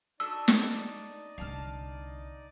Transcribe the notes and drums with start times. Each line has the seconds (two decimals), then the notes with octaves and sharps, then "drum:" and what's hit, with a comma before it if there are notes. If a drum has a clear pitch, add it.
0.20 D4 D#4 F#4 A4 D5 D#5 E6
0.48 drum: snare
1.38 C2 D3 F5 A5 F6